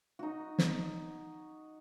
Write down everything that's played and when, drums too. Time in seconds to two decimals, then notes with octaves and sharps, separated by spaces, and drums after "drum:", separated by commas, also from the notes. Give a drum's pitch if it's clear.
0.19 D#4 F#4
0.58 drum: snare